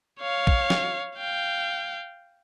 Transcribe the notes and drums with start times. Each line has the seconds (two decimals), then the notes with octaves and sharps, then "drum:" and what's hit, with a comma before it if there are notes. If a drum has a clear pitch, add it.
0.21 C#5 F5
0.47 drum: kick
0.70 drum: snare
1.17 F5 G5